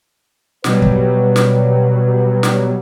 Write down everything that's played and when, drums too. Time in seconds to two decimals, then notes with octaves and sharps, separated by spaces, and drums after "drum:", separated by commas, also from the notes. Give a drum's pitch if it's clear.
0.64 B2 F#3 G3 B4, drum: snare
0.82 drum: kick
1.36 drum: snare
2.43 drum: snare